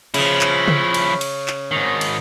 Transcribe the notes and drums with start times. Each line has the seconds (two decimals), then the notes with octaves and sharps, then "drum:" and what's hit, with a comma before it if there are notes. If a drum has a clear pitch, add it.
0.14 C#3 F3 E4, drum: cymbal
0.41 drum: clap
0.68 drum: tom C#3
0.94 drum: cymbal
1.21 drum: cymbal
1.48 drum: clap
1.71 G#2 D#3
2.01 drum: cymbal